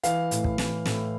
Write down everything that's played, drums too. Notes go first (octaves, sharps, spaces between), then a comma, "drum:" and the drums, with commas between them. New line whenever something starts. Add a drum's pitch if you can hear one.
E3 F5, drum: hi-hat
A2, drum: hi-hat
drum: kick
E3, drum: snare
A2, drum: snare